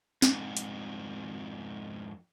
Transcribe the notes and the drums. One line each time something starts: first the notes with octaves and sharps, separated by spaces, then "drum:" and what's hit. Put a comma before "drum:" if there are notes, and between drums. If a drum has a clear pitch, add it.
F2 G#2, drum: snare
drum: hi-hat